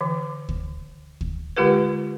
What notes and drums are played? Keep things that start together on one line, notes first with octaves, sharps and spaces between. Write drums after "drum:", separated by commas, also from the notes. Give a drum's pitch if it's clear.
D3 E3
drum: kick
drum: kick
D3 G#3 F4 G4 A#4 B4